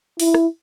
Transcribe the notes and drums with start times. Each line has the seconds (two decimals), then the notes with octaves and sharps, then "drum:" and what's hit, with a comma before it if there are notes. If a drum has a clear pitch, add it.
0.20 E4, drum: open hi-hat
0.34 drum: rim click